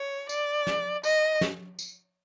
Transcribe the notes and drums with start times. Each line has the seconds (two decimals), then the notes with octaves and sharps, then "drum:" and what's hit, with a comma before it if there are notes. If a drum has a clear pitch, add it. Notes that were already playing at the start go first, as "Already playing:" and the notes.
Already playing: C#5
0.29 D5, drum: tambourine
0.67 drum: snare
1.04 D#5, drum: tambourine
1.41 drum: snare
1.79 drum: tambourine